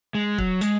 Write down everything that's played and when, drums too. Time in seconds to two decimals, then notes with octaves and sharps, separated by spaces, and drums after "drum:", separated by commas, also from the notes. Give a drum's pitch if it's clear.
0.15 G#3
0.38 F#3, drum: kick
0.61 G#3, drum: hi-hat